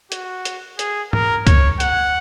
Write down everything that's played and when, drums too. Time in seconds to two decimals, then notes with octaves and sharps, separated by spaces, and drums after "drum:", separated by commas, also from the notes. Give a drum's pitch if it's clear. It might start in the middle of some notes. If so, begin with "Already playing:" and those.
0.12 F#4, drum: hi-hat
0.45 drum: hi-hat
0.79 G#4, drum: hi-hat
1.13 A#4, drum: tom G#2
1.47 C#5, drum: kick, hi-hat
1.80 F#5, drum: hi-hat